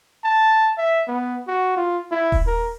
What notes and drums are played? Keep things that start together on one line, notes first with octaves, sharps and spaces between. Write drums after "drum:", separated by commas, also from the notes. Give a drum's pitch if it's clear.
A5
E5
B3
F#4
F4
E4
drum: kick D#1
A#4